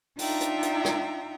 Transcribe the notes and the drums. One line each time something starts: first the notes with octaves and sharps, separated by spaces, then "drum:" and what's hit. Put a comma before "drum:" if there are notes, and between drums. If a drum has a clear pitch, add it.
D4 D#4 F4 E5 G5 A#5, drum: open hi-hat
drum: hi-hat
drum: hi-hat
drum: rim click